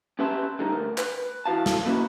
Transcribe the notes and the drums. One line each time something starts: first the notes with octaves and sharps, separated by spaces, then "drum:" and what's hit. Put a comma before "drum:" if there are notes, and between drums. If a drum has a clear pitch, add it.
C#4 G4 B4 E5 A5 C6
D3 G3 D#4
D2 A#4
B4, drum: clap
E3 E4 F#4 F5 A5
drum: snare
A#3 C#4 D#4 E4 F#4 B4